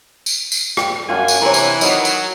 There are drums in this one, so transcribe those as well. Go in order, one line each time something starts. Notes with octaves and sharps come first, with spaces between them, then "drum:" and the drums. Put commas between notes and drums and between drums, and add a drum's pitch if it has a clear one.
drum: tambourine
drum: tambourine
G4 D5 G5, drum: rim click
F#2 C#4 D4 F#4 F5 G#5
drum: tambourine
C3 E3 A#4 C#5
drum: tambourine
D#3 F#3 D#5, drum: tambourine
drum: tambourine